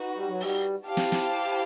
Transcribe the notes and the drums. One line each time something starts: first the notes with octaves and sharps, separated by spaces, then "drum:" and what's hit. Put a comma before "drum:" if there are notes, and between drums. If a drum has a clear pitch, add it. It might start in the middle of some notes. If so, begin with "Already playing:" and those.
Already playing: D#4 F#4 B4
G3
F#3
G3, drum: open hi-hat
E4 G4 C5 F5 A5
drum: snare
drum: snare